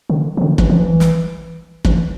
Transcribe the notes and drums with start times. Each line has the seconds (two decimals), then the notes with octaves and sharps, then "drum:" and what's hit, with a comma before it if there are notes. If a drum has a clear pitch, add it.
0.10 D3
0.37 E3
0.41 D3
0.58 E3, drum: kick
0.70 F3
0.80 E3
1.00 drum: snare
1.85 E3, drum: kick